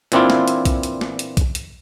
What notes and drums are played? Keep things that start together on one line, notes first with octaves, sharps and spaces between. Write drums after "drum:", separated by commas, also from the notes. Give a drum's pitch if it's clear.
A#2 E3 C4 D4 E4 F4, drum: hi-hat
drum: snare
drum: hi-hat
drum: kick B1, hi-hat
drum: hi-hat
drum: snare
drum: hi-hat
drum: kick B1, hi-hat
drum: hi-hat